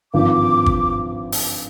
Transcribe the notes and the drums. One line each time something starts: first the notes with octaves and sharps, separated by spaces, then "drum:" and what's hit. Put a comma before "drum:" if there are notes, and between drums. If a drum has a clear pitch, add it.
G#1 G2 F3 D6
drum: kick G1
drum: open hi-hat